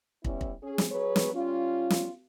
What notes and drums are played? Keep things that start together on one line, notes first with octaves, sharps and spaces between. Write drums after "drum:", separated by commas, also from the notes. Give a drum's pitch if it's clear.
G3 B3 C#4 E4, drum: kick
drum: kick
C#4 G#4
drum: snare
F#3 G#4 B4 C#5
drum: snare
G3 C#4 F4
drum: snare